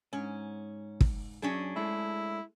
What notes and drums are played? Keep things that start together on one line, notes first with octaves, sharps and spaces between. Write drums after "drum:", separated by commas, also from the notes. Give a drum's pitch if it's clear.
G#2 C#4
drum: kick
F#2 C#4 D4 G#4
G#3 A3 E4